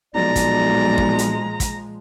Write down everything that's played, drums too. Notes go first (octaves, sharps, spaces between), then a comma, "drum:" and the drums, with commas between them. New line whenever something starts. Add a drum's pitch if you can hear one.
B1 A#2 F3 G#3 D5 A#5
drum: kick, hi-hat
drum: kick
drum: hi-hat
drum: kick, hi-hat